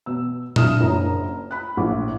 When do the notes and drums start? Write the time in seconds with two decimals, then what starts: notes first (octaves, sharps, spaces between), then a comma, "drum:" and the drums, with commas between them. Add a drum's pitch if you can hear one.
0.06 B2 E6
0.56 D4 E4 D#6 F6 E7, drum: tom A#2
0.81 F#1 F#2 D4 A#5
1.51 B5 F#6
1.77 A#1 A2